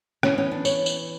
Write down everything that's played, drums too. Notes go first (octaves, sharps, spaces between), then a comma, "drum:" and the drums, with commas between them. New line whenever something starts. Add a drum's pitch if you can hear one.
E3 B3 C#4, drum: rim click
C#4
D4
C#5, drum: tambourine
drum: tambourine